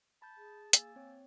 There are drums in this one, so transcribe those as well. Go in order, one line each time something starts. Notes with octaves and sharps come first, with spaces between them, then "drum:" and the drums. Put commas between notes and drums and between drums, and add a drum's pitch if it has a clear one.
A5 B5 G6
G#4
A#3 G#5 E6 A6, drum: hi-hat
C4 C#5